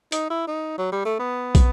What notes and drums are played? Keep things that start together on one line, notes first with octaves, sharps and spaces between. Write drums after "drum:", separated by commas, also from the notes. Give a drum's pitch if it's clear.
D#4, drum: hi-hat
E4
D#4
F#3
G3
A3
B3
drum: kick, hi-hat